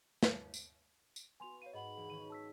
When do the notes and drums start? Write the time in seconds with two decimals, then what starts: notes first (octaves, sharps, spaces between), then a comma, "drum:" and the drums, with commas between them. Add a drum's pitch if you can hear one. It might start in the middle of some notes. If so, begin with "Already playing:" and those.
0.23 drum: snare
0.54 drum: tambourine
1.16 drum: tambourine
1.40 B3 F#4 G#5 C6 F7
1.62 C#5 F5 D#7
1.73 G#2 D#5 F#5 B5
1.97 E1
2.10 D#3 C#4 D#7
2.30 A5 E6 B6